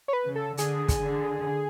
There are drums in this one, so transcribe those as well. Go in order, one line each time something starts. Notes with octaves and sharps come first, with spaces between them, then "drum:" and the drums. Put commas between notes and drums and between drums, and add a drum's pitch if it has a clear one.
C#5
B4
C#3
A4
D3 G#4, drum: hi-hat
drum: kick, hi-hat
D3